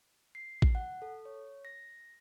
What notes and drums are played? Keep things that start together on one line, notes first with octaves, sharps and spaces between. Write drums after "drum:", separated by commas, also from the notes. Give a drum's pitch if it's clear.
C7
drum: kick
F#5
A4
C#5
A#6